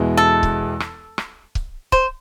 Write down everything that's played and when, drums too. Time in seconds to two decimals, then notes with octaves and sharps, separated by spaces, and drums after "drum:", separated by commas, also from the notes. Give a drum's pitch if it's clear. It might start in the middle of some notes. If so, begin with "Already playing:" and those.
Already playing: E2 B2 G#3 B3 E4
0.17 A4
0.43 drum: kick C#1
0.80 drum: rim click
1.18 drum: rim click
1.55 drum: kick C#1
1.92 C5, drum: kick C#1